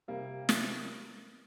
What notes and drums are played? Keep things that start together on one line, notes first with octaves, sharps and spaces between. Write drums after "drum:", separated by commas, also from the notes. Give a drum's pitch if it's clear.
C3 G3 A#3
drum: snare